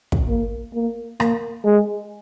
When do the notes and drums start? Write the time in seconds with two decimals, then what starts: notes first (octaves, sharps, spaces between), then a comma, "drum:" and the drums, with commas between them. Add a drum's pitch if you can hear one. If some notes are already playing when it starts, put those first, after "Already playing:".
0.12 drum: kick
0.29 A#3
0.74 A#3
1.20 A#3, drum: rim click
1.64 G#3